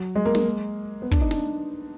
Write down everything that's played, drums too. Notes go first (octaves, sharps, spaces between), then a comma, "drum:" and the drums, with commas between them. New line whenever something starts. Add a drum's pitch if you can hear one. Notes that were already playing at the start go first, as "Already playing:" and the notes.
Already playing: F#3
G#3
A#3
G#3, drum: snare
B3
D4, drum: kick
D#4
D4, drum: snare